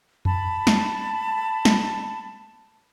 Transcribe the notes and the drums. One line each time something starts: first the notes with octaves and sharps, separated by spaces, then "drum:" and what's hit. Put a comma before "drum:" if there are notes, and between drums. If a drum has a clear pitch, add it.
A5 B5, drum: tom F2
drum: snare
drum: snare